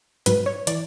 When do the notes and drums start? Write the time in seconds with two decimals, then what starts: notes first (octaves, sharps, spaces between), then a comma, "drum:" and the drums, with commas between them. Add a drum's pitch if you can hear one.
0.26 G#2 F#3 B4, drum: hi-hat
0.46 C#5
0.67 E3 D5, drum: hi-hat